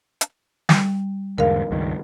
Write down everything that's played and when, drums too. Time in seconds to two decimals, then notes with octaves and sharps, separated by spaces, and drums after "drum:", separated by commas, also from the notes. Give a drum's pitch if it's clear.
0.21 drum: hi-hat
0.69 G3, drum: snare
1.38 E2 G#2 D3 A#4 F5
1.71 C#2 G2 D#3